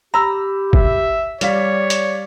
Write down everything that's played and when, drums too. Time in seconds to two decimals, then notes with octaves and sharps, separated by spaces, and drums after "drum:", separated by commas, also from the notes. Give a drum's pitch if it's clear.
0.14 G4 A#5 B5 E6
0.73 E5, drum: kick
1.41 G3 C#5 D5 F5 B6, drum: hi-hat
1.90 drum: hi-hat